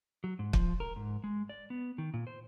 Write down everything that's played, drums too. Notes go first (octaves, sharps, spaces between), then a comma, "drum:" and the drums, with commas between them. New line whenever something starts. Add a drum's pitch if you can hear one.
F#3
G#2
F3, drum: kick
A#4
G#2
G#3
D5
B3
D#3
A#2
C5